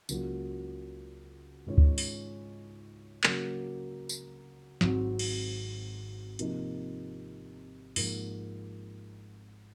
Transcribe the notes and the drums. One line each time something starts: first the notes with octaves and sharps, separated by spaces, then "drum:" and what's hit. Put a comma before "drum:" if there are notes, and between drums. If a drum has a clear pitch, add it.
C#2 C#3 F#3 A#3 F4, drum: tambourine
G#2 D#3 G#3 C#4 F4
drum: kick
drum: open hi-hat
C#3 F#3 A#3, drum: clap
drum: tambourine
G#1 G#2 F#3 C4 F#4, drum: snare
drum: cymbal
C3 F3 A#3 D#4, drum: hi-hat
G#2 F3 A#3, drum: open hi-hat